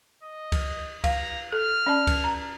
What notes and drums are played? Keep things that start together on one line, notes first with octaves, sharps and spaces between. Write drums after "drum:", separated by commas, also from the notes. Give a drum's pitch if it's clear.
D#5
drum: kick C#2, cymbal
F5 A#5, drum: kick C#2, cymbal
A4 F6
C#4 D5 A5
drum: kick C#2, cymbal
A#5